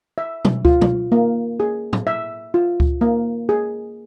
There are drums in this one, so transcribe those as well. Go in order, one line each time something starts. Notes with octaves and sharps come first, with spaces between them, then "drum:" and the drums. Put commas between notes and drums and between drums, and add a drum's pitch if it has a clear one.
E5
drum: tom B2
F4, drum: kick C#2
drum: tom B2
A#3
G#4
drum: tom A2
E5
F4
drum: kick C#2
A#3
G#4